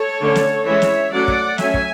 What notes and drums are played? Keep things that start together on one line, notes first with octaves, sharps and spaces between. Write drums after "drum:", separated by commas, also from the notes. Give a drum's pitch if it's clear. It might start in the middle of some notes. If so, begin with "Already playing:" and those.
Already playing: A4 C#5
D3 A3 C#4
drum: snare
E3 G#3 C#4 C#5 E5
drum: snare
F#3 A3 C#4 D5 F#5
drum: kick
F#3 A3 C#4 E5 G#5, drum: snare
drum: kick